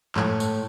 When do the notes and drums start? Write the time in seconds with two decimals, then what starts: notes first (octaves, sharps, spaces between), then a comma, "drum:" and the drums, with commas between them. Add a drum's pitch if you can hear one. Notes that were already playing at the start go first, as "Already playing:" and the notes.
0.16 A2, drum: clap
0.40 drum: tambourine